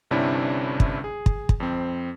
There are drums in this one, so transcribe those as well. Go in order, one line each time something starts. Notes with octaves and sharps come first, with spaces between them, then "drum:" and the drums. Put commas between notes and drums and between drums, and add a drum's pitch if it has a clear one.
G1 G2 C3 C#4 D4 E4
drum: kick
G#4
drum: kick
drum: kick
F2 C4